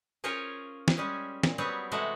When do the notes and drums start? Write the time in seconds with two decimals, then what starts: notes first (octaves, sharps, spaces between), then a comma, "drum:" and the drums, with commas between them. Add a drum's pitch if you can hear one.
0.24 C#4 F4 G#4 A#4 C5 C#5
0.88 drum: snare
0.97 G3 G#3 C#4 G#4
1.43 A#2, drum: snare
1.58 F#3 G3 B3 C4 G#4 C#5
1.92 C3 E3 G#3 A3 F#4 A4